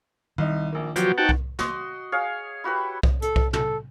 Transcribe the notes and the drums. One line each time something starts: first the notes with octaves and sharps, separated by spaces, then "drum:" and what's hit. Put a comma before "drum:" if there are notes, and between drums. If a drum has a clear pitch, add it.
C2 D#3 D#4
A#1 A#3
F3 F#3 B3 F#4 G4, drum: hi-hat
C4 D#4 F#4 F#5 G5 A5
drum: kick C2
F#4 D#5 C6, drum: snare
G#4 C#5 F5
E4 F#4 G4 B4
drum: kick C2
A4, drum: hi-hat
drum: kick C2
A4, drum: tom